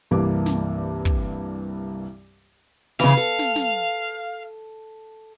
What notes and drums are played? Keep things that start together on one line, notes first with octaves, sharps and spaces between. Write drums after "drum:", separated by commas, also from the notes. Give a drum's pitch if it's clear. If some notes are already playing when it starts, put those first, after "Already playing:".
C2 G2 E3 A#3 D6
drum: snare
drum: kick
C#3 E3 F5, drum: hi-hat
A4, drum: hi-hat
drum: snare
drum: snare